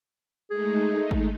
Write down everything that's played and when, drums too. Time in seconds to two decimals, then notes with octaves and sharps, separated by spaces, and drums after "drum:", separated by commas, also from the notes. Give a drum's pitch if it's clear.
0.51 G#3 A3 D#4 G#4
1.11 drum: kick G#1